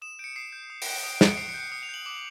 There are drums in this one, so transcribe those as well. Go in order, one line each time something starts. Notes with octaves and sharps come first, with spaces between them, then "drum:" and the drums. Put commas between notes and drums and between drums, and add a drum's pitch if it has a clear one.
D#6 E7
G6 D7
C#7
D#6 C7
G6
D#6
D7, drum: open hi-hat
F#6
D7
D#6 D7
D7
F#6 C#7, drum: snare
D7
D#6 C7
C#7
G6
C#7
D#6 C#7
F7
G6 F#7
D6 F#7